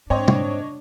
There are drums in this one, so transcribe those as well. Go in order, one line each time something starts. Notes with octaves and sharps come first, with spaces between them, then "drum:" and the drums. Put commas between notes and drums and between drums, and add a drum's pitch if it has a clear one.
G#2 C4 D4 C#5 D#5
drum: tom